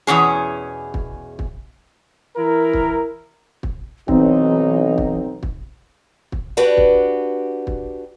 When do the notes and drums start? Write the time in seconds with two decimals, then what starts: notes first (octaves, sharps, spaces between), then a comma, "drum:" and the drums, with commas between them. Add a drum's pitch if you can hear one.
0.07 E2 B2 C#4 G#4
0.94 drum: kick
1.39 drum: kick
2.36 E3 E4 A#4
2.73 drum: kick
3.63 drum: kick
4.08 B1 E3 C4 D#4, drum: kick
4.98 drum: kick
5.43 drum: kick
6.32 drum: kick
6.57 D4 F#4 G4 B4 D5
6.77 drum: kick
7.67 drum: kick